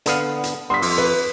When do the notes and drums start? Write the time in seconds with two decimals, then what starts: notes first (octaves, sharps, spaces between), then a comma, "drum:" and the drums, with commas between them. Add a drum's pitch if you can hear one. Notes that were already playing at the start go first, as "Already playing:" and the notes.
0.06 D3 B3 F5, drum: hi-hat
0.44 drum: hi-hat
0.70 G2 B3 C6 B6
0.82 F2, drum: open hi-hat
0.98 B4